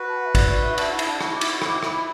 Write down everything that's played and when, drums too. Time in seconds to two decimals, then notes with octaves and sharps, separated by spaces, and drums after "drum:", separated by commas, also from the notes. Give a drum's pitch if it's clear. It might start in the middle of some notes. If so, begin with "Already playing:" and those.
Already playing: F#4 B4
0.09 A5
0.17 F#5
0.26 E5
0.35 D5, drum: kick A1, cymbal
0.49 D5
0.63 E5
0.78 D4 F#4 E5, drum: cymbal
0.89 E4 F#5
0.99 E5, drum: cymbal
1.07 D4 F#5
1.21 E4 B5, drum: rim click
1.31 F#4 D6
1.41 E4, drum: cymbal
1.50 F#4 B5
1.62 E4 D6, drum: rim click
1.72 F#4
1.83 E4 B5, drum: rim click